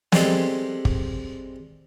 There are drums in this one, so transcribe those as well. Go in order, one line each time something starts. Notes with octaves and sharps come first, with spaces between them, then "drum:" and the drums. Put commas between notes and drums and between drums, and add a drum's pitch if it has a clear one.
G3 G#3 C4 G4 A4, drum: snare
drum: kick